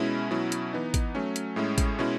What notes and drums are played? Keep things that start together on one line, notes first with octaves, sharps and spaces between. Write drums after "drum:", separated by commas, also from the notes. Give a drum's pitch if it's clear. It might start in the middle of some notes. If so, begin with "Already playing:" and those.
Already playing: B2 G#3 C#4 E4
B2 F#3 C#4 E4
drum: hi-hat
E3 B3 D#4
drum: kick, hi-hat
F#3 A3 C#4
drum: hi-hat
A2 G#3 C#4 E4
drum: kick, hi-hat
B2 G#3 C#4 E4